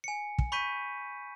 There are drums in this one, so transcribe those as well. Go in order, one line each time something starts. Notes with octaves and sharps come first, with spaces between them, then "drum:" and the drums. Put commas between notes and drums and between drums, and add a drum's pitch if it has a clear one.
G#5 C#7
drum: kick
B5 C#6 G6 B6 D#7